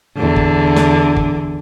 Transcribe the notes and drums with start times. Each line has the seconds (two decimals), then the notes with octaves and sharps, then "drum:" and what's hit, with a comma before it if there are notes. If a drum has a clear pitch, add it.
0.16 E2 D3
0.36 drum: kick G1
0.76 drum: snare
1.16 drum: kick G1